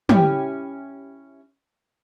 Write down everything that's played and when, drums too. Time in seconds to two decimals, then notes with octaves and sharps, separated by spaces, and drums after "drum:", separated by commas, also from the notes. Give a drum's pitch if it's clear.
0.09 C#4 E4 G4, drum: tom